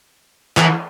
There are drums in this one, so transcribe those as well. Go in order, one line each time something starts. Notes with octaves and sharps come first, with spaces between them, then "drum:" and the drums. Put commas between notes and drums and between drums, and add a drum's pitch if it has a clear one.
E3, drum: clap